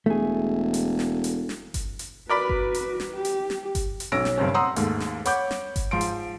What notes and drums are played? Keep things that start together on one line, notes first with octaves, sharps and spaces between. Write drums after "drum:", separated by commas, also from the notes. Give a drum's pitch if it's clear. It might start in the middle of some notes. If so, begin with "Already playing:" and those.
E1 A3 G#4
drum: hi-hat
drum: snare
drum: hi-hat
drum: snare
drum: kick G1, hi-hat
drum: hi-hat
F#4 A#4 B4 D5 B5
drum: kick G1
drum: hi-hat
drum: snare
G4
drum: hi-hat
drum: snare
drum: kick G1, hi-hat
drum: hi-hat
B1 C#4 E6 A#6 D7
drum: snare
F#1 G2 C4 C#4
F#5 A#5 C6 D#6 E6
D#2 G#2 A3, drum: hi-hat
drum: snare
C#5 F#5 B5 D6 G6, drum: hi-hat
drum: snare
drum: kick G1, hi-hat
G#2 F3 C6 D7
drum: hi-hat